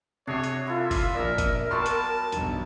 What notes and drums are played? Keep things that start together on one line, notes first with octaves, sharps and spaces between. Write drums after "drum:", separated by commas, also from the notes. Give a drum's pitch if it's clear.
C3 D4 F#4 G#4 C#5 C7
drum: hi-hat
E4 F4 A4 E5
drum: kick, open hi-hat
A#1 A#4 D5 D#5 A#5
drum: kick, hi-hat
F#3 G3 B3 A5 C6 C#6 E6
drum: hi-hat
B1 E2 G2, drum: hi-hat